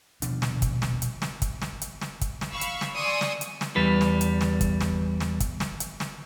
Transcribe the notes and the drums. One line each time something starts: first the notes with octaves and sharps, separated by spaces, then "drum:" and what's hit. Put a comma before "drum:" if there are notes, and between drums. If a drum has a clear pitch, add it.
D#1 B2 F3 D4, drum: hi-hat
drum: snare
drum: kick, hi-hat
drum: snare
drum: hi-hat
drum: snare
drum: kick, hi-hat
drum: snare
drum: hi-hat
drum: snare
drum: kick, hi-hat
drum: snare
F5 B5 C#6 E6
drum: hi-hat
drum: snare
D5 G#5 C6 C#6 D#6 E6
drum: snare
drum: hi-hat
drum: snare
E2 G3 B4
drum: snare
drum: hi-hat
drum: snare
drum: kick, hi-hat
drum: snare
drum: snare
drum: kick, hi-hat
drum: snare
drum: hi-hat
drum: snare